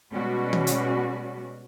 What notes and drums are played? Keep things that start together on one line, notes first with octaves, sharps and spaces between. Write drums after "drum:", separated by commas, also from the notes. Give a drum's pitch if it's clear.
B2 G3 G#3 C#4 F#4 D5
drum: tom D#3
drum: hi-hat